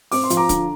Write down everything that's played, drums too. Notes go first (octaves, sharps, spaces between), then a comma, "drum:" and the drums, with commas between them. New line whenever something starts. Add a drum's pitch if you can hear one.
C4 D6, drum: open hi-hat
C6
F3, drum: hi-hat
A#5 D6
D3, drum: kick C#1, hi-hat